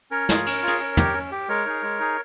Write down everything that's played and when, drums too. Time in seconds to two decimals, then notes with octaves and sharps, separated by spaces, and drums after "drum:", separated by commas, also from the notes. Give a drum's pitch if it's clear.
0.11 C#4 A#4 C#5
0.29 F4 G#4, drum: snare
0.46 C#4, drum: cymbal
0.63 F4
0.68 G#4, drum: hi-hat
0.80 C#4
0.97 G4, drum: tom
1.14 C#4
1.31 G4
1.48 G#3 A#4 C#5
1.66 D#4 G#4
1.82 G#3
1.99 D#4 G#4